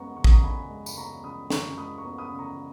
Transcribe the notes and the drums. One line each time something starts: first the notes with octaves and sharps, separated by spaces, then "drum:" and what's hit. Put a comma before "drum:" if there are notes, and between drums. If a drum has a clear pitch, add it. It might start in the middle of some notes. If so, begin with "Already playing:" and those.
Already playing: F#2 G#3 B3 F#5 A#5 C#6
C#3 C#6
D#6, drum: kick
A#5 C#6
F#2 G#5 B5
G#3
B5, drum: tambourine
B3 A#5 C#6
C#3 B5 D#6
F#2 A#5 C#6, drum: snare
G#3 B5 D#6
A#5 C#6
B3
B5 D#6
C#3
A#5 C#6